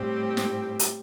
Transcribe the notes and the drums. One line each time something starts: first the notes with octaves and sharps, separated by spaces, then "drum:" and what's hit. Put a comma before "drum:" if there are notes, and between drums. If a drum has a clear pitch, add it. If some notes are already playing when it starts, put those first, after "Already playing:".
Already playing: A2 G3 C4 G4
drum: snare
drum: hi-hat